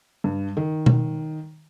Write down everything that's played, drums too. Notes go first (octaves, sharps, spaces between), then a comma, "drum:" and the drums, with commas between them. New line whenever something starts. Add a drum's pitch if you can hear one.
G2
D#3
drum: tom B2